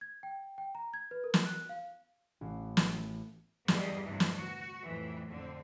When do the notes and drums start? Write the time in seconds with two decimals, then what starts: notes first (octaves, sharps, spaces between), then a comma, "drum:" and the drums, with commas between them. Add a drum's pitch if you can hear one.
0.01 G#6
0.23 G5
0.58 G5
0.75 A#5
0.94 G#6
1.11 B4
1.24 A#4
1.34 drum: snare
1.46 F#6
1.69 F5
2.41 A1
2.77 drum: snare
3.68 E2 G2 G3 G#4 D#5, drum: snare
4.06 D2 G2 C3 E3
4.20 drum: snare
4.36 F#4
4.84 F2 A2 E3
5.29 F2 D3 C4